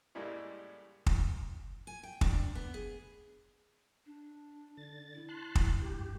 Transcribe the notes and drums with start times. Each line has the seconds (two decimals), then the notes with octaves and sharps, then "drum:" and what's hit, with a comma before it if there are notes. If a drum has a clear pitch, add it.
0.15 A2 C#3 G3 G#3 A#3 E4
1.06 drum: kick
1.87 G#5
2.03 G5
2.21 D4, drum: kick
2.55 B3
2.74 G#4
4.06 D4
4.77 D3 A6
5.15 E4
5.29 A5 C6 F#6
5.55 drum: kick
5.82 G2 G4